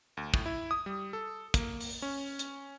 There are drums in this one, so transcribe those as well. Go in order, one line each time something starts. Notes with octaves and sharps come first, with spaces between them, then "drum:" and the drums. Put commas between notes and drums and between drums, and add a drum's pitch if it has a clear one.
D2
A2, drum: kick
E4
D#6
G3
A4
A#3, drum: kick, hi-hat
drum: open hi-hat
C#4
drum: hi-hat